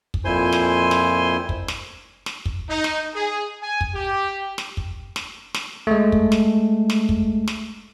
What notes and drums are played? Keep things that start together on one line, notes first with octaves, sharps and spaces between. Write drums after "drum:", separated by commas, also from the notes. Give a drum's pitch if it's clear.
drum: kick
F2 A#2 E4 C5 G#5 C6
drum: snare
drum: snare
drum: kick
drum: snare
drum: snare
drum: kick
D#4
drum: snare
G#4
G#5
drum: kick
G4
drum: snare
drum: kick
drum: snare
drum: snare
G#3 A3
drum: kick
drum: snare
drum: snare
drum: kick
drum: snare